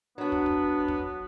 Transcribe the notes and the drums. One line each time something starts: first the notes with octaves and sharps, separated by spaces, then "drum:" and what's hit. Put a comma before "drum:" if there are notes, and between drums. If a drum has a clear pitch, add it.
F#3 B3 D4 F#4
drum: kick
drum: kick
drum: kick